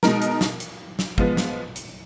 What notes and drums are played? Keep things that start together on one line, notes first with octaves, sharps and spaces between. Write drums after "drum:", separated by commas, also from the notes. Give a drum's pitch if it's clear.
B2 G#3 D#4 A#4, drum: snare
drum: hi-hat
drum: snare
drum: hi-hat
drum: snare
F3 G#3 B3, drum: kick
drum: snare
drum: hi-hat